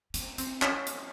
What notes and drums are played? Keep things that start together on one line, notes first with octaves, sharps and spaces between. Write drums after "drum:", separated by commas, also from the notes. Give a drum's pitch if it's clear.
C#4, drum: hi-hat
C4, drum: hi-hat
C#4, drum: clap
drum: hi-hat